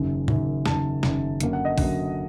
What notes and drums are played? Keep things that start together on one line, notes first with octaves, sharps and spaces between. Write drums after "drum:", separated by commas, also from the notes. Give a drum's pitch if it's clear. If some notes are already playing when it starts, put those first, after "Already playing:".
Already playing: F#1 F#2 D#3
F#1 F#2 D#3, drum: tom
F#1 F#2 D#3 A5, drum: snare
F#1 F#2 D#3, drum: snare
F#2 D3 F#3 A#3, drum: hi-hat
F#5
D#5
F#2 D3 F#3 A#3 F#5, drum: kick A#1, open hi-hat